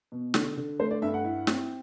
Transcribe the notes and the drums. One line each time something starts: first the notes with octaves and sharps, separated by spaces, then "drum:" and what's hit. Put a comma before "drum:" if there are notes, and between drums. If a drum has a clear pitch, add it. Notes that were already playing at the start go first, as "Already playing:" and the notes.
B2
D3, drum: snare
D3
A3 C5
D5
G2 E5
F#5
E4
C4, drum: snare